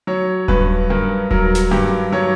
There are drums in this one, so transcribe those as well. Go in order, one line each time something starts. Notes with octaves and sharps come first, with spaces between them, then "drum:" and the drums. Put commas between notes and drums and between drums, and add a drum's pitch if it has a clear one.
F#3 C#5
G2 B4, drum: kick D#1
G2 A#4
F#3 A#4, drum: kick D#1
drum: snare
G2 G4
F#3 C#5